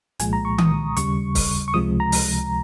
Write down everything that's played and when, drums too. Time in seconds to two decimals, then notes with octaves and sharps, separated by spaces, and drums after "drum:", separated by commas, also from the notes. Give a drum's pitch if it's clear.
0.19 C2 A#2 F3 G#3 G#5, drum: hi-hat
0.33 A#5
0.45 C#6
0.58 D#6, drum: tom D#3
0.97 D#2 C#3 G3 C#6, drum: hi-hat
1.35 drum: kick, open hi-hat
1.68 C#6
1.74 C#2 C3 F3 G#3 D#6
2.00 A#5
2.12 drum: open hi-hat